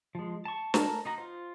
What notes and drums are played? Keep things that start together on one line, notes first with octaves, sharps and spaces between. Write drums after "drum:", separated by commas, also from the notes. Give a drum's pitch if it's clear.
F3 G#3
A5 C#6
A3 A#4 A5 A#5 F6, drum: snare
D#4 F#4 A#5
F4 C5